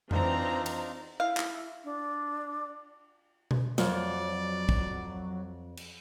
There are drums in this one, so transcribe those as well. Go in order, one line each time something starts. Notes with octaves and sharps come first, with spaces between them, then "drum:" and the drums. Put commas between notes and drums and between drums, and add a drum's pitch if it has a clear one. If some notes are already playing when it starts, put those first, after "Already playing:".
E3 C4 D4 D#4 F4 A#5, drum: tom F2
drum: cymbal
E4 F5
drum: clap
D4
drum: tom B2
F2 F#3 D5, drum: snare
drum: kick
drum: cymbal